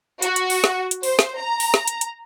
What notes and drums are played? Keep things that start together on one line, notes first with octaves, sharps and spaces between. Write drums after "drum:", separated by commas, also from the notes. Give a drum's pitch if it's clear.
F#4, drum: hi-hat
drum: hi-hat
drum: open hi-hat
drum: snare
drum: hi-hat
C5, drum: open hi-hat
drum: snare
A#5
drum: open hi-hat
drum: snare
drum: hi-hat
drum: hi-hat